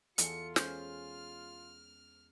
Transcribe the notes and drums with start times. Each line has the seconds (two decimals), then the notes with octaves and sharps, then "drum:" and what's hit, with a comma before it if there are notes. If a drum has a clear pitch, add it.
0.18 E2 F4 A4 C#7, drum: hi-hat
0.56 G#3 C#4 C5 F6, drum: snare